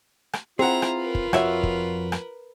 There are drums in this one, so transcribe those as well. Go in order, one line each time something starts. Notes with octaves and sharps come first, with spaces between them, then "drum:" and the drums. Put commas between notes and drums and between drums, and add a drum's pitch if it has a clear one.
drum: rim click
C4 E4 F4 G#4 F#5 A#5
drum: rim click
A#4 B4
drum: kick
F2 F#4 C#5 E5, drum: rim click
drum: kick
drum: rim click